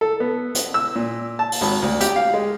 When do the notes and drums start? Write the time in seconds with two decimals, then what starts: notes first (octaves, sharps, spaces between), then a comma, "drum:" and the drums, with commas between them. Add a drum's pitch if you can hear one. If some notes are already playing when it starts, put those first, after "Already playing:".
0.01 A4
0.20 B3
0.55 drum: hi-hat
0.74 E6
0.95 A#2
1.39 A5
1.52 drum: open hi-hat
1.61 G#1
1.82 D2
2.01 G4, drum: hi-hat
2.16 F5
2.34 G#3